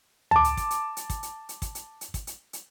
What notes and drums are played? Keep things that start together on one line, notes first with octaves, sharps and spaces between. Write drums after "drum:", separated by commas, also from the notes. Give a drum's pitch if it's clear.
A5 D6, drum: tom
drum: hi-hat
drum: kick, hi-hat
drum: hi-hat
drum: hi-hat
drum: kick, hi-hat
drum: hi-hat
drum: hi-hat
drum: kick, hi-hat
drum: hi-hat
drum: hi-hat
drum: kick, hi-hat
drum: hi-hat
drum: hi-hat